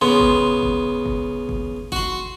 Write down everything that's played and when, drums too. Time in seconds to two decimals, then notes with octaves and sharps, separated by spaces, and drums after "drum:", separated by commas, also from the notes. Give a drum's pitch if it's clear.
0.01 C#3 B3 C6
0.19 drum: kick
0.62 drum: kick
1.06 drum: kick
1.49 drum: kick
1.92 F#4 C6, drum: kick